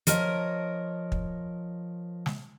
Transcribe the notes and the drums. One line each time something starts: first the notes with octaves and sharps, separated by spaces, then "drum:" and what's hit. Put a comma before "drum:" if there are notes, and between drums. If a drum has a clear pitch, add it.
F3 A#4 C#5 D#5, drum: hi-hat
drum: kick
drum: snare